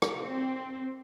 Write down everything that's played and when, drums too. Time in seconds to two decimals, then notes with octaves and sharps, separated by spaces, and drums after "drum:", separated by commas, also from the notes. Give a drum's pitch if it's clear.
0.02 drum: rim click
0.18 C4